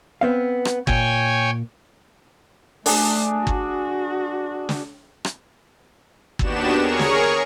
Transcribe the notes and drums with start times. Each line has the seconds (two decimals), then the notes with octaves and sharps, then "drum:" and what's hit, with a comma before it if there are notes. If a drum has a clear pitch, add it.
0.21 B3 C4 F5
0.65 drum: rim click
0.87 A#2 C#5 G5 G#5, drum: kick G1
2.86 A3 D4 G#4, drum: open hi-hat
3.47 F#4, drum: kick G1
4.69 drum: snare
5.25 drum: rim click
6.39 D#2 B3 D4 F#4 G4 E7, drum: kick G1
6.77 G#4 A#4 C#5 C#6
6.99 drum: snare